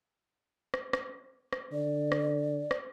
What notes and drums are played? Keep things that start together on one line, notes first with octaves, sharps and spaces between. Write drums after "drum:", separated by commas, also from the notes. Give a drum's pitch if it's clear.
drum: rim click
drum: rim click
drum: rim click
D3 D5
drum: rim click
drum: rim click